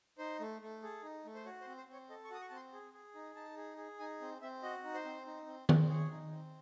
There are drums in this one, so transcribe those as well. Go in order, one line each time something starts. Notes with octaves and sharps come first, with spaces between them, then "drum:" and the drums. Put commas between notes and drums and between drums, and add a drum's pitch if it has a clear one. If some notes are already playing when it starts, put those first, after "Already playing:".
D#4 C5
A3
A3
G#4 A4
D#4
A3
C5
F#4 C#5
C5
C4
C5
C4 C#5
A4 D#5
C#6
F#4 D#6
C#6
C4 A5
C6
G#4
G#4
D#4
D#4 A5
G#4
G#4
D#4 G#5
C4
C4 E5
F#4 D#5
D#4
C5
C4
D#4
C4
C4, drum: tom D#3
G#4 C#5
D#4
C4